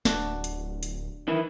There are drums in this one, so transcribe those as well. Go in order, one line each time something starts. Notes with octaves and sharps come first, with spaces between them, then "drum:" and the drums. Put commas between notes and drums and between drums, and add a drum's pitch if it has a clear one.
D1 D4 F#4, drum: snare
drum: hi-hat
drum: hi-hat
D#3 E3 E4